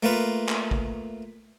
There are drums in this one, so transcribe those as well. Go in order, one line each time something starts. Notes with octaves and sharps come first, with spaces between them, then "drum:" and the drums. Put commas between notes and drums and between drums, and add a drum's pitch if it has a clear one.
A3 A#3 F4 B4
drum: clap
drum: kick